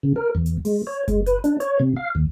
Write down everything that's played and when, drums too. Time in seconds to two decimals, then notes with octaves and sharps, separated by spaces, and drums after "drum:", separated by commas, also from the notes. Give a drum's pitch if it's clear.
0.03 C#3
0.16 A#4
0.35 E2
0.46 drum: hi-hat
0.65 G#3, drum: open hi-hat
0.87 C#5
1.08 G#3, drum: kick F#1, hi-hat
1.26 B4, drum: hi-hat
1.44 D4, drum: hi-hat
1.60 C#5, drum: hi-hat
1.80 C3
1.96 F5
2.15 D#2